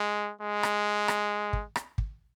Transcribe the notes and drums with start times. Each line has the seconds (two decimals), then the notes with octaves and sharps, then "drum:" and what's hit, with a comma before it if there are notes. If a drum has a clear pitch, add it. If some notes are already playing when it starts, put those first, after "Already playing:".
Already playing: G#3
0.41 G#3
0.63 drum: rim click
1.08 drum: rim click
1.53 drum: kick
1.76 drum: rim click
1.98 drum: kick